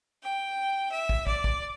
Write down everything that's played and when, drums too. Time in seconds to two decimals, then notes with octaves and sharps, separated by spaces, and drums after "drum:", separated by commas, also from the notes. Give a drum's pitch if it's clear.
0.22 G5
0.92 E5
1.09 drum: kick
1.27 D5, drum: kick
1.44 drum: kick